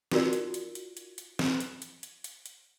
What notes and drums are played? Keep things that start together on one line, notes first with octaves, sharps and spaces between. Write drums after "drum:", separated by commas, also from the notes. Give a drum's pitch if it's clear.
D#4 F4 F#4 A#4 D5, drum: snare
drum: hi-hat
drum: hi-hat
drum: hi-hat
drum: hi-hat
drum: hi-hat
drum: snare
drum: hi-hat
drum: hi-hat
drum: hi-hat
drum: hi-hat
drum: hi-hat